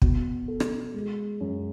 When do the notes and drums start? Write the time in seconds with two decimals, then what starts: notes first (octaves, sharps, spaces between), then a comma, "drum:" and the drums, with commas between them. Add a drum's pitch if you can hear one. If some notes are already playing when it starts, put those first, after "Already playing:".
0.02 B2, drum: kick
0.48 A4
0.60 drum: rim click
0.94 G#3
1.41 F#2